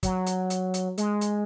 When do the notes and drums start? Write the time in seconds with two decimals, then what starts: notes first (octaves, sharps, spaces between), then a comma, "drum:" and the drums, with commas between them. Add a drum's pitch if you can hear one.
0.03 F#3, drum: kick, hi-hat
0.26 drum: hi-hat
0.50 drum: hi-hat
0.74 drum: hi-hat
0.98 G#3, drum: hi-hat
1.21 drum: hi-hat